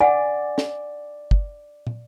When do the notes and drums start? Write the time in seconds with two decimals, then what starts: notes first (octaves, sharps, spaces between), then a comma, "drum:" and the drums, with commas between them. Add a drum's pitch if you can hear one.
0.01 D5 F#5 G#5
0.58 drum: snare
1.31 drum: kick
1.87 drum: tom